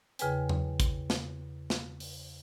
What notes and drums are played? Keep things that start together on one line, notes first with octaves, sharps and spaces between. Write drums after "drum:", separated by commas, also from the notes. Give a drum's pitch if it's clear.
E2 C#3 G#4 B4 G5 G#5, drum: hi-hat
drum: tom E2
drum: kick, hi-hat
drum: snare
drum: snare
drum: open hi-hat